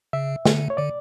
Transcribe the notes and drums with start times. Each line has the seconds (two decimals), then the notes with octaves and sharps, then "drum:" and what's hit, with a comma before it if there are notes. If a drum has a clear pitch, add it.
0.13 C#3 E5
0.45 D3, drum: snare
0.70 C#5
0.77 D3 D5